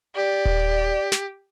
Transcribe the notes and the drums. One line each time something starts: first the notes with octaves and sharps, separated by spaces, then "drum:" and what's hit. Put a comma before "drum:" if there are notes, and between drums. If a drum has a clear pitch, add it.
G4 D5
drum: kick D#1
drum: snare